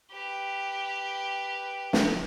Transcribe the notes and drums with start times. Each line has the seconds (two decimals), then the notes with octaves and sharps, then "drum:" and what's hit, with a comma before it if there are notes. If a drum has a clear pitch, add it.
0.11 G4 B4
1.93 drum: snare